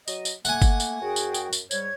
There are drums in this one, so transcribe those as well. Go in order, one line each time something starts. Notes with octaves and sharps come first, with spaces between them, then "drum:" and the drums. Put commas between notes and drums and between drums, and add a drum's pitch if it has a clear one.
F#3 D#5, drum: tambourine
drum: tambourine
A3 A#3 F#5 G#5, drum: tambourine
drum: kick G1, tambourine
drum: tambourine
F#2 F#4 G#4 G5
drum: tambourine
drum: tambourine
drum: tambourine
G#2 G3 C#5 G#6, drum: tambourine